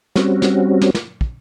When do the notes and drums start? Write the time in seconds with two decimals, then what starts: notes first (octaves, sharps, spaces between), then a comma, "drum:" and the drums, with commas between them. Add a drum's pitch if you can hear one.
0.16 G3 C4 C#4 F#4, drum: snare
0.42 drum: snare
0.81 drum: snare
0.95 drum: snare
1.21 drum: kick